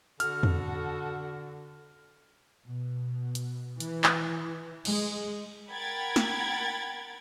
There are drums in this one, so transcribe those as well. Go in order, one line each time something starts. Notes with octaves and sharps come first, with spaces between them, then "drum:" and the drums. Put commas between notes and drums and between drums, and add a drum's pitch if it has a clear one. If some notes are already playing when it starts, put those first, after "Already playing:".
D3 F#4 A4 F6, drum: hi-hat
drum: tom E2
B2
drum: hi-hat
E3, drum: hi-hat
drum: clap
G#3, drum: cymbal
A#4 F#5 G5 B5 G#6 A6
drum: snare